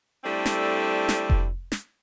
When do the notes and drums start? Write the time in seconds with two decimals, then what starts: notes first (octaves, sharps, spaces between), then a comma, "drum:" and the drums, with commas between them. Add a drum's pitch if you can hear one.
0.25 G3 A3 C4 D4 E4 A4
0.46 drum: snare
1.09 drum: snare
1.30 drum: kick F1
1.72 drum: snare